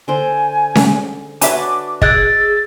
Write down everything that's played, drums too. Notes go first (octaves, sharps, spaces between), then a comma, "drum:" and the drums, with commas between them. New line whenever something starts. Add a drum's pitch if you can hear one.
D3 C5 G#5
drum: snare C#4
D4 F#4 B4 C#5 E5 G#5 D6, drum: hi-hat
G#4 D5 D#5 E6 F#6 A6, drum: kick